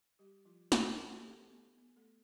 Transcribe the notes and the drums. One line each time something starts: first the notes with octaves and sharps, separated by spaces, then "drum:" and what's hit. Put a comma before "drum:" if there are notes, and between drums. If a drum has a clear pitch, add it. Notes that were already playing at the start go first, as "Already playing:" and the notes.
G3 G4
F3 F4
G3 G4, drum: snare
A3 A4
G4
A3 A4
B3
B3
A3 A4